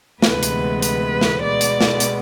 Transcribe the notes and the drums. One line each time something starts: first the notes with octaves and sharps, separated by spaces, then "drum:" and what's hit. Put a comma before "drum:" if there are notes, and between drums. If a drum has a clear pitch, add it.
D2 C3 E3 G#3 B3 B4, drum: snare
drum: hi-hat
B4, drum: hi-hat
drum: snare
B2 G#3 B3 D5
drum: hi-hat
drum: snare
drum: hi-hat